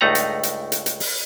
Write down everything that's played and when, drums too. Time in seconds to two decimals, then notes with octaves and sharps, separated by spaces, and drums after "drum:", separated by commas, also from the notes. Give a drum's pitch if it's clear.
0.01 C#2 G2 A3 D#4 F#5 A#5
0.15 drum: hi-hat
0.43 drum: hi-hat
0.72 drum: hi-hat
0.86 drum: hi-hat
1.00 drum: open hi-hat